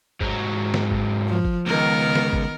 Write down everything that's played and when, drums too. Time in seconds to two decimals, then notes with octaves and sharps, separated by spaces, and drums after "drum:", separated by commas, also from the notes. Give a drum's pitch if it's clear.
0.21 G#2 F#3, drum: kick
0.74 drum: snare
0.92 drum: kick
1.27 F3
1.45 drum: kick
1.67 C#2 D#3 B3 A#4
2.15 drum: snare
2.33 drum: kick